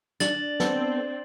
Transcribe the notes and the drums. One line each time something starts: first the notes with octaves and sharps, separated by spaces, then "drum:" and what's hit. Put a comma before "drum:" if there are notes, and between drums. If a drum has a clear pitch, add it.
D4 A6 F#7, drum: snare
B3 C4 A4, drum: snare